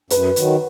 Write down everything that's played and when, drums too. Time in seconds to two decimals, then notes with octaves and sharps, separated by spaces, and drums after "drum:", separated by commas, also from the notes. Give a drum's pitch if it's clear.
0.10 F#2 B4, drum: hi-hat
0.36 D#3 F#3, drum: hi-hat